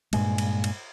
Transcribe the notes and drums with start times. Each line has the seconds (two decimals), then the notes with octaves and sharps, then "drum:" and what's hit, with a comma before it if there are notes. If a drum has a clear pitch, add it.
0.13 G2 A#2 G#3, drum: cymbal
0.38 drum: cymbal
0.64 drum: cymbal